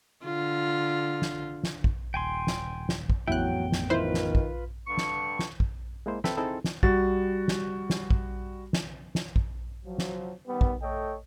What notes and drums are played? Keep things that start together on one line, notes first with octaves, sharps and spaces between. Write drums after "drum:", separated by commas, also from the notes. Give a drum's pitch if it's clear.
D3 F4
drum: snare
drum: snare
drum: kick
D#1 G5 G#5 C6
drum: snare
drum: snare
drum: kick
A1 F2 F#3 B3 E4 G5 F#6
drum: snare
D#3 E4 F4 B4 C5
drum: snare
drum: kick
G2 D3 G3 C#6
drum: snare
drum: snare
drum: kick
G#3 A#3 E4 C5
C4 A4 B4 E5 G5 B5, drum: snare
C4 D#4 E4 G#4 A4
drum: snare
G3 F#4 A6, drum: kick
drum: snare
drum: snare
drum: kick
drum: snare
drum: snare
drum: kick
F3 F#3
drum: snare
D#3 G3 B3
drum: kick
A3 A4 C#5 D#5 G5